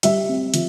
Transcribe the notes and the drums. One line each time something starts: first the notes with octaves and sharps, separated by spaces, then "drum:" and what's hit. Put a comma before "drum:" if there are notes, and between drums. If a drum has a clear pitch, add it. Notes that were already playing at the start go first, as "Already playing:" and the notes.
G3 E5, drum: hi-hat
C4
F3, drum: hi-hat